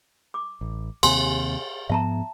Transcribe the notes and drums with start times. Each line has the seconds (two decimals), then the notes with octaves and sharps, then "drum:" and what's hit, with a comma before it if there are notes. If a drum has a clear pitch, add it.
0.34 D6
0.61 A1
1.03 D#2 C3 G#5 C6, drum: cymbal
1.90 G#2 F3 B3 E5 A5 A#5